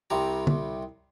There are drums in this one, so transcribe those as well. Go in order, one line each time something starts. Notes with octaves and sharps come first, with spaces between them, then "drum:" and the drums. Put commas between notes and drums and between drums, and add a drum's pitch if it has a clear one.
C2 C3 G3 A#5
drum: tom D3